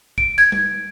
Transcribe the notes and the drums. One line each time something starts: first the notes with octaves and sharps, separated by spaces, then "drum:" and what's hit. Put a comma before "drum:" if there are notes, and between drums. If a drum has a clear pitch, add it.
D7, drum: kick
G#6, drum: tambourine
drum: tom G3